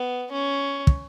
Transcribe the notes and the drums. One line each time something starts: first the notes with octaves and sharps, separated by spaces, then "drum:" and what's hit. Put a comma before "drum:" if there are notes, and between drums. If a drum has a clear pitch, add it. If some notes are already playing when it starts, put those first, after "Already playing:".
Already playing: B3
C#4
drum: kick